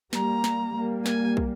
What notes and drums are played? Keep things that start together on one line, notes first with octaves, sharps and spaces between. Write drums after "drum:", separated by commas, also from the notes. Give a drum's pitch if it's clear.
G3 A#3 A#5, drum: snare
drum: snare
G3 A#3
G#5, drum: snare
drum: kick